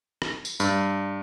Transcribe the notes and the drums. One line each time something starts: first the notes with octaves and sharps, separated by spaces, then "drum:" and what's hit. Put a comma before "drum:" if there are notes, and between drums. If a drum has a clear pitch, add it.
drum: rim click
drum: tambourine
G2, drum: tambourine